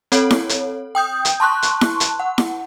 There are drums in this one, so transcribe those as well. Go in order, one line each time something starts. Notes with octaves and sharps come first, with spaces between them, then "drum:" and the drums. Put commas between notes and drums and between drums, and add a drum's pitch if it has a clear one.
C4 A4 C#5, drum: hi-hat
drum: snare E4
drum: hi-hat
G5 D#6 G6
drum: hi-hat
A5 C6 C#6 F#6
drum: hi-hat
drum: snare E4
drum: hi-hat
F#5
drum: snare E4